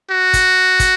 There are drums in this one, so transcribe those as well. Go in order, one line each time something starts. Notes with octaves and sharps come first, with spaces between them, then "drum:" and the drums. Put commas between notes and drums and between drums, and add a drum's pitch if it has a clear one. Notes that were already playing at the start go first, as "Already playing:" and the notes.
F#4
drum: kick, hi-hat
drum: kick, hi-hat